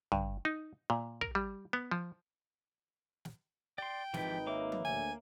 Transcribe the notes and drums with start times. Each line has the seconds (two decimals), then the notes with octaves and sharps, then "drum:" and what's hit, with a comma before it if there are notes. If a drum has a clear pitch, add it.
0.12 G2, drum: tom
0.45 D#4
0.90 A#2
1.21 A#4, drum: kick
1.35 G3
1.73 B3
1.91 F3
3.25 drum: snare
3.78 D5 G5 C6
4.14 G#1 E3 F3 D#4 G4 B4, drum: snare
4.47 A#3 C#5 E5 D6
4.72 drum: tom F3
4.85 D2 G#5